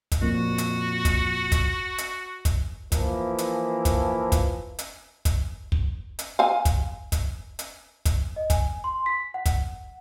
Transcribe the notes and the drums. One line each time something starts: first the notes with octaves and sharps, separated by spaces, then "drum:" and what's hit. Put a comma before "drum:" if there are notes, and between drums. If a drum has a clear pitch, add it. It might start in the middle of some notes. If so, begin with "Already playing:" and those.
drum: kick, hi-hat
F2 A#2 F#4
drum: hi-hat
drum: kick, hi-hat
drum: kick, hi-hat
drum: hi-hat
drum: kick, hi-hat
E3 F3 A#3 E4, drum: kick, hi-hat
drum: hi-hat
drum: kick, hi-hat
drum: kick, hi-hat
drum: hi-hat
drum: kick, hi-hat
drum: kick
drum: hi-hat
F5 G#5
drum: kick, hi-hat
drum: kick, hi-hat
drum: hi-hat
drum: kick, hi-hat
D#5
G#5, drum: kick, hi-hat
C6
B6
F#5
drum: kick, hi-hat